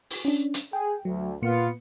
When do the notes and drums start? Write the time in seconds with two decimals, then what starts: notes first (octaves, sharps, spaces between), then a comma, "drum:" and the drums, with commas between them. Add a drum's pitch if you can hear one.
0.10 drum: open hi-hat
0.25 C#4 D4
0.54 drum: hi-hat
0.73 G#4 G5
1.05 D2 F#3
1.42 A#2 A#3 B3 F4 C#7